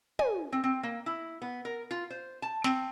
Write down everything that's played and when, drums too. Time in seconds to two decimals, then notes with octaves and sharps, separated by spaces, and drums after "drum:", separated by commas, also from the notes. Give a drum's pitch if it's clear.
0.19 G#5, drum: tom
0.52 C4
0.64 C4
0.83 A#3
1.06 E4
1.42 B3
1.65 A#4
1.91 F4
2.10 C5
2.42 A5
2.64 C4, drum: snare